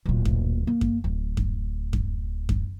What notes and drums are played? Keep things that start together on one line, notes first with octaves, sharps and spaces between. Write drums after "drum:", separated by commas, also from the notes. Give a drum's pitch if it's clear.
D1 A#2
drum: kick F#2
A#3
drum: kick F#2
D1
drum: kick F#2
drum: kick F#2
drum: kick F#2